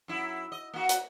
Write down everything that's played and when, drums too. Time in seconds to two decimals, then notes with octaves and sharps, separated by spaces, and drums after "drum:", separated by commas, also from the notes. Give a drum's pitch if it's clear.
0.08 F#2 E4
0.52 D#5
0.73 A#3 F#4
0.89 drum: hi-hat